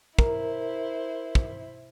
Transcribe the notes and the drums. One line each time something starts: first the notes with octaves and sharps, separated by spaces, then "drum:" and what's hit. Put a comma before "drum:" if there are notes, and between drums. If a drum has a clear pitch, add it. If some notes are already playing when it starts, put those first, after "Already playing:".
E4 A#4 C5, drum: kick
drum: kick